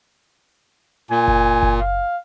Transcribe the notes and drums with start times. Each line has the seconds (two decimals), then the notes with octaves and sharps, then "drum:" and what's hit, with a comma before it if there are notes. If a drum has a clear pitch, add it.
1.11 A#2 G#5
1.28 drum: kick F#1
1.63 drum: kick F#1
1.80 F5